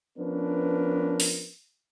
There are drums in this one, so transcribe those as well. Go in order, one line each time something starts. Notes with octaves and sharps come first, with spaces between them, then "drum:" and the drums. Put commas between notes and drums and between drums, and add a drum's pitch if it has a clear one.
F3 B3 C#4 D4 A#4 B4
drum: open hi-hat